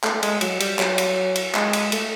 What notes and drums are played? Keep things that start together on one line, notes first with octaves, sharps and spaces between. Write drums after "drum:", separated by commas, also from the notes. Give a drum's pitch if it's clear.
A3, drum: clap
A3
G#3, drum: cymbal
F#3, drum: cymbal
G3, drum: cymbal
F#3, drum: clap
drum: cymbal
drum: cymbal
G#3, drum: clap
drum: cymbal
A3, drum: cymbal